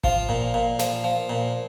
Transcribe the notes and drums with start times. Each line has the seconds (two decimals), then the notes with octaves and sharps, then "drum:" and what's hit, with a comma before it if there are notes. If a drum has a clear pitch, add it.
0.04 F3 F4, drum: kick G#1
0.29 A#2
0.54 A#2
0.79 F3, drum: snare
1.04 F3
1.29 A#2